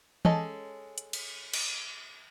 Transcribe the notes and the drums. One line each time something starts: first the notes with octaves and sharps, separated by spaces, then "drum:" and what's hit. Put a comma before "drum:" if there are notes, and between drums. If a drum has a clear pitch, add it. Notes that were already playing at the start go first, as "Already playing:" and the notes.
G#3 C#4 A4 D#5, drum: tom
drum: hi-hat
drum: cymbal
drum: cymbal